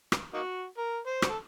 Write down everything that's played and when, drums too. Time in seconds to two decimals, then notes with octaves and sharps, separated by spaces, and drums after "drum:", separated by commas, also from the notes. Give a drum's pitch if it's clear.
0.12 drum: rim click
0.33 A#3 D#4 F#4
0.77 A#4
1.07 C5
1.22 F#4, drum: rim click
1.29 A4